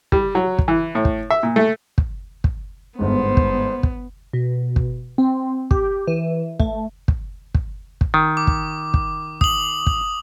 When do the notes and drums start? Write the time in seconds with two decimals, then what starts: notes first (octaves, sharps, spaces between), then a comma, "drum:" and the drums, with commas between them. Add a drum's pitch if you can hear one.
0.12 G3, drum: kick
0.35 F#3
0.59 drum: kick
0.68 E3
0.95 A2
1.05 drum: kick
1.30 E5
1.43 A#2
1.56 A3
1.98 drum: kick
2.44 drum: kick
2.99 G1 G#2 B3 C5
3.37 drum: kick
3.83 drum: kick
4.33 B2
4.76 drum: kick
5.18 C4
5.71 G4, drum: kick
6.07 E3
6.60 A3, drum: kick
7.08 drum: kick
7.55 drum: kick
8.01 drum: kick
8.14 D#3
8.37 D6
8.47 drum: kick
8.94 drum: kick
9.41 D#6 F#7, drum: kick
9.87 drum: kick